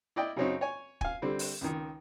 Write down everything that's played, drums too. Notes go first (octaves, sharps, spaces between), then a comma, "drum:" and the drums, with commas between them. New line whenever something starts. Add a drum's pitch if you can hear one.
E4 D5 D#5 G5
F#2 C#3 F#3 C4 C#4 D#4
C#5 G#5
F5 G#5, drum: kick
D3 G3 C4
drum: open hi-hat
C#2 D#3